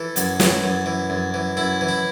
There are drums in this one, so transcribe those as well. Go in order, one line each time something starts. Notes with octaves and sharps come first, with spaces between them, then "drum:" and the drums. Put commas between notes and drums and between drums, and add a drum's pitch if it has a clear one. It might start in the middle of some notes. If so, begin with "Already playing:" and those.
Already playing: E3 A4
F#2, drum: hi-hat
E3, drum: snare
F#2
E3
F#2
E3
F#2 E4
E3
E4